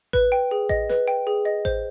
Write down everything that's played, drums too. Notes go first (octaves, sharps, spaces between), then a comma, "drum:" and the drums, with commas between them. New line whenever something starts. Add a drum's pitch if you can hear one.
B4, drum: kick A1
G5
G#4
D#5, drum: kick A1
B4, drum: snare
G5
G#4
D#5
C5, drum: kick A1